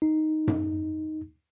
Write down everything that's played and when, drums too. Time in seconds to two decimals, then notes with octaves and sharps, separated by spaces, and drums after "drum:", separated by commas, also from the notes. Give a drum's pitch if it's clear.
0.02 D#4
0.47 drum: tom F#2